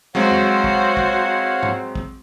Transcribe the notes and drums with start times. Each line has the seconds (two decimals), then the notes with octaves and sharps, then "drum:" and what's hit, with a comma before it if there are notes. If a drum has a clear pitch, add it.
0.15 F#3 G#3 C4 F#4 C5 C#5 F5 F#5
0.31 drum: tom E2
0.64 drum: kick
0.97 drum: kick
1.63 drum: tom
1.95 drum: kick